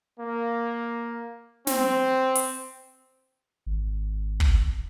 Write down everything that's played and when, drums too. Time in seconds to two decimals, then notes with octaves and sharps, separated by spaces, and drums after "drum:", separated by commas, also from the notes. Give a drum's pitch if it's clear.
0.19 A#3
1.67 C4, drum: snare
2.35 drum: hi-hat
3.66 G#1
4.40 drum: kick